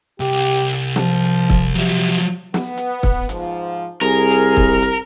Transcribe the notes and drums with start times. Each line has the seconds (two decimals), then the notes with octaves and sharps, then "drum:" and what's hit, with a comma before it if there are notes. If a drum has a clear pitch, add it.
0.20 C2 G4, drum: hi-hat
0.73 drum: hi-hat
0.96 F3, drum: snare
1.24 drum: hi-hat
1.50 drum: kick
1.75 C3 F3 F#3
2.54 B3, drum: snare
2.78 drum: hi-hat
3.03 drum: kick
3.29 G#2 F3, drum: hi-hat
4.01 C2 G#4 A#4
4.31 drum: hi-hat
4.57 drum: kick
4.82 drum: hi-hat